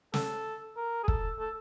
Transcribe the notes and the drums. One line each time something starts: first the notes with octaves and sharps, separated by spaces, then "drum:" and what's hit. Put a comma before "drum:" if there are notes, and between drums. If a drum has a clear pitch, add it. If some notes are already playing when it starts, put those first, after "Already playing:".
A4, drum: snare
A#4
G#4
A4, drum: kick
A4